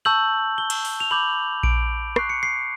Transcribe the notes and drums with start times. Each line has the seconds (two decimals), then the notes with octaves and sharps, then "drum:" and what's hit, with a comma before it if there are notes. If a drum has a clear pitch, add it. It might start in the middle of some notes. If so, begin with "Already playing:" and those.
0.05 A5 C#6 E6 G6 F#7
0.58 G7
0.70 drum: cymbal
0.85 drum: open hi-hat
1.00 F7
1.11 B5 D6 G6 F#7
1.63 D7, drum: kick A#1
2.16 C#6 F#6 C7, drum: rim click
2.30 C#7
2.43 C7